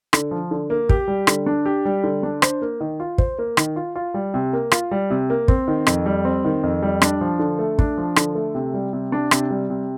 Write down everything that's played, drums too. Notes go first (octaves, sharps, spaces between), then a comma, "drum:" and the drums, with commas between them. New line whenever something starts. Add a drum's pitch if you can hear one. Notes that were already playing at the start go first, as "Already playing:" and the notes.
D3, drum: rim click
F3
D3
A#3
G4, drum: kick
G3
D3, drum: rim click
D4
G4
G3
D3
D4
C5, drum: rim click
A#3
D#3
F4
C5, drum: kick
A#3
D#3, drum: rim click
F4
F4
G3
C3
A#3
F4, drum: rim click
G3
C3
A#3
C4, drum: kick
D#3
F2, drum: rim click
G3
C4
D#3
F2
G3
D4, drum: rim click
F3
D3
A3
D4, drum: kick
F3
D3, drum: rim click
A3
C3
G3
C3
D4
C3, drum: rim click
G3
C3